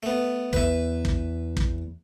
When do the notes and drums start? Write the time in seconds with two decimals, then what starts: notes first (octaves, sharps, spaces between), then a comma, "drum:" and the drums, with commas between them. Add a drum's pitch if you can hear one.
0.03 A3 B3
0.53 E2 B4 E5, drum: kick
1.05 drum: kick
1.57 drum: kick